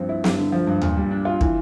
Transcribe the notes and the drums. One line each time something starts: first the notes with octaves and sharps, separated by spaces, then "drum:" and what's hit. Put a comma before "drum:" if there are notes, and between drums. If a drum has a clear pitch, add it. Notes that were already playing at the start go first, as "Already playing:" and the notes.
Already playing: G2 F3 C4
E4
G2, drum: snare
D3
F3
G2
A#2, drum: tom D#2
G3
D4
F4
E3, drum: kick